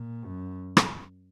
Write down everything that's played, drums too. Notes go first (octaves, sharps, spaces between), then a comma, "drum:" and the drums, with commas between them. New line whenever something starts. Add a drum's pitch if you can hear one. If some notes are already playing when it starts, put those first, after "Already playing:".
Already playing: A#2
F#2
drum: rim click